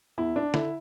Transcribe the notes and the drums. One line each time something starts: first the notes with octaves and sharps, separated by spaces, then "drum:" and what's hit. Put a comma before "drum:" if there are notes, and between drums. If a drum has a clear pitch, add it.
E2 E4
D4
D3 E4, drum: snare